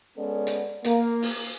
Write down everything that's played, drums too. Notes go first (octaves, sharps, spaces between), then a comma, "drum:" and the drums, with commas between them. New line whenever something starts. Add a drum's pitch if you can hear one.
G#3 B3 C#4 A4 D5
drum: hi-hat
A#3, drum: hi-hat
drum: open hi-hat